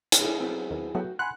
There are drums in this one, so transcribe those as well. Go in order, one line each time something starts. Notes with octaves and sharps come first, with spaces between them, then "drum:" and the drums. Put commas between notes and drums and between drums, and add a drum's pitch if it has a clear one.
drum: hi-hat
E4 G#4
F#3 B3 C4
D#2
F#3 A3 B3 F#4 G5
F#5 G#5 B5 C6 F#6